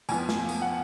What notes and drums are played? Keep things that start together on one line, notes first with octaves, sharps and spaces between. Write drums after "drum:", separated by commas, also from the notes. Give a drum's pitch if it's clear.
F2 F3 B3 G#5, drum: tambourine
drum: snare
drum: tambourine
F#5